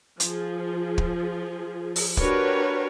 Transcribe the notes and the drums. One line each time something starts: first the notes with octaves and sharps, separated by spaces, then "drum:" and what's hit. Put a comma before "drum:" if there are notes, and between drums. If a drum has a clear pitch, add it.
F3 G#4, drum: hi-hat
drum: kick
drum: open hi-hat
D4 F#4 G4 A#4 B4 C#5, drum: kick